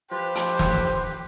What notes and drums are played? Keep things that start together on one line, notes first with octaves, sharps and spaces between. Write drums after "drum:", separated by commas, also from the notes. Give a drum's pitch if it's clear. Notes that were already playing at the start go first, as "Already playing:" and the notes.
F3 G4 B4 C5
drum: hi-hat
drum: snare